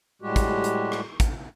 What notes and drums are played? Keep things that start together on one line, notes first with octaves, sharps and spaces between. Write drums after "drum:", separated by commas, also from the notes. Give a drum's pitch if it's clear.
A2 G3 G#3 F#4 G4
drum: kick, hi-hat
drum: hi-hat
drum: rim click
drum: kick, hi-hat